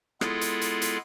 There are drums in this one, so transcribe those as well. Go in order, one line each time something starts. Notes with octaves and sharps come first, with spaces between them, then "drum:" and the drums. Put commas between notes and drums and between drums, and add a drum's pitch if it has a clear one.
G#3 B3 E4 F4 G#4 A4, drum: rim click
drum: hi-hat
drum: hi-hat
drum: hi-hat